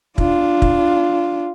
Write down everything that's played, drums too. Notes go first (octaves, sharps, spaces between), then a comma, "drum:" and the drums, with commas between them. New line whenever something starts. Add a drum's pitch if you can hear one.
D4 F4, drum: kick
drum: kick